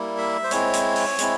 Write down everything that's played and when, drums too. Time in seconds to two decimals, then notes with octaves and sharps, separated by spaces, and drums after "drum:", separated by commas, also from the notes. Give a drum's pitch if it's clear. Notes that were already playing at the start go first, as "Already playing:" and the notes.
Already playing: G3 A#3 E4
0.18 E5
0.44 C5
0.51 G#3 C4 E4 C#5, drum: hi-hat
0.73 drum: hi-hat
0.96 drum: open hi-hat
1.19 G#3 C4 E4, drum: hi-hat